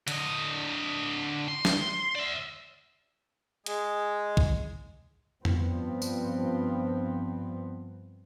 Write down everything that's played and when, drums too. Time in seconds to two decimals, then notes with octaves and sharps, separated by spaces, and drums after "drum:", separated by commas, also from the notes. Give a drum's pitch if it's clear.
0.08 D3 D#5, drum: hi-hat
1.48 C6
1.65 drum: snare
2.15 D5 E5
3.66 G#3, drum: hi-hat
4.37 drum: kick A#1
5.45 G2 F3 B3 C4, drum: tom F2
6.02 drum: tambourine